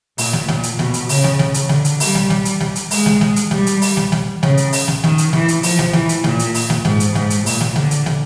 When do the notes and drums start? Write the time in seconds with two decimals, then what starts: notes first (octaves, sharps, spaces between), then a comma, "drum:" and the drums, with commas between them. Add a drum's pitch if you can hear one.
0.18 A#2, drum: open hi-hat
0.33 drum: snare
0.48 A#2, drum: snare
0.63 drum: hi-hat
0.79 B2, drum: snare
0.94 drum: hi-hat
1.09 C#3, drum: open hi-hat
1.24 drum: snare
1.39 drum: snare
1.54 drum: hi-hat
1.69 D3, drum: snare
1.85 drum: hi-hat
2.00 G3, drum: open hi-hat
2.15 drum: snare
2.30 drum: snare
2.45 drum: hi-hat
2.60 drum: snare
2.76 drum: hi-hat
2.91 G#3, drum: open hi-hat
3.06 drum: snare
3.21 drum: snare
3.36 drum: hi-hat
3.51 G3, drum: snare
3.66 drum: hi-hat
3.82 drum: open hi-hat
3.97 drum: snare
4.12 drum: snare
4.43 C#3, drum: snare
4.57 drum: hi-hat
4.73 drum: open hi-hat
4.88 drum: snare
5.03 D#3, drum: snare
5.18 drum: hi-hat
5.33 E3, drum: snare
5.48 drum: hi-hat
5.63 F3, drum: open hi-hat
5.79 drum: snare
5.93 E3, drum: snare
6.09 drum: hi-hat
6.24 A#2, drum: snare
6.39 drum: hi-hat
6.54 drum: open hi-hat
6.70 drum: snare
6.85 G#2, drum: snare
7.00 drum: hi-hat
7.15 G#2, drum: snare
7.30 drum: hi-hat
7.46 A#2, drum: open hi-hat
7.61 drum: snare
7.76 D3, drum: snare
7.91 drum: hi-hat
8.06 drum: snare